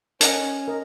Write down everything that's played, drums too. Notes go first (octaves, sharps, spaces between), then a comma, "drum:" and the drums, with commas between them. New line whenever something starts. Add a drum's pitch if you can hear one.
C#4 A#4 D#5 F#5, drum: hi-hat
A#4 D#5